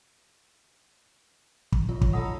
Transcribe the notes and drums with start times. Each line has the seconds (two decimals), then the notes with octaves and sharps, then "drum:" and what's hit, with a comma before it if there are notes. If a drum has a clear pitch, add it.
1.72 drum: kick
1.89 F#2 F4
2.01 drum: kick
2.13 E4 A4 D#5 F#5 A#5